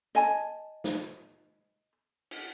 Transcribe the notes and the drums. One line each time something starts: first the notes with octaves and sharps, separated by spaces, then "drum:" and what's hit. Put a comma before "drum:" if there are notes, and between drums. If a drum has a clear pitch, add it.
D#5 G#5 A5, drum: hi-hat
drum: snare
drum: cymbal